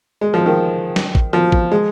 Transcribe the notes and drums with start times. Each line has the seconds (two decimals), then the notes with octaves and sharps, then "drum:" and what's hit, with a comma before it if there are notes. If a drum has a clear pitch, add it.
0.21 G#3
0.34 F3
0.46 D#3
0.96 drum: snare
1.15 drum: kick A1
1.33 F3
1.52 drum: kick A1
1.72 G#3